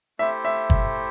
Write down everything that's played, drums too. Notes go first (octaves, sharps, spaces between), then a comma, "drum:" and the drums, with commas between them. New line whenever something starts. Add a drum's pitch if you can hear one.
A3 E4 G4 C5 E5
E5
drum: kick